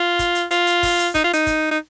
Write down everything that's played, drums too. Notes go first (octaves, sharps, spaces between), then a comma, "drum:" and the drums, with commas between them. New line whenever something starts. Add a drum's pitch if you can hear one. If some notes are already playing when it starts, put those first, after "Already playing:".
Already playing: F4
drum: kick, hi-hat
drum: hi-hat
F4, drum: hi-hat
drum: hi-hat
drum: kick, open hi-hat
drum: hi-hat
D#4, drum: kick, hi-hat
F4
D#4, drum: hi-hat
drum: kick, hi-hat
D#4